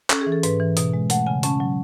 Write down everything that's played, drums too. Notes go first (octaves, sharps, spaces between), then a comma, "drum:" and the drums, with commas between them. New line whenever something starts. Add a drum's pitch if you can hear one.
C#4 A4, drum: clap
G#4
E3
A4
G#2 B4, drum: hi-hat
E3
B2, drum: hi-hat
G#3
A3 F#5, drum: hi-hat
C#3 G#5
C#4 A5, drum: hi-hat
F#3